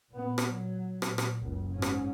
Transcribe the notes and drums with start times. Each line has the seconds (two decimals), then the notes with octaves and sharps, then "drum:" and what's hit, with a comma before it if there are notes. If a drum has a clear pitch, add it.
0.11 A#2 B3
0.38 drum: rim click
0.50 F#3
1.02 A#2, drum: rim click
1.18 drum: rim click
1.42 F#1 C#2
1.73 G#2 C#4
1.82 drum: rim click